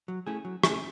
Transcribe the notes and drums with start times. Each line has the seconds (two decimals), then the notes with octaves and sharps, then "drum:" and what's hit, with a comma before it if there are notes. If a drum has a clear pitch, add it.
0.08 F#3
0.27 A3 C#4 E4 G#4
0.45 F#3
0.64 A3 C#4 E4 G#4, drum: rim click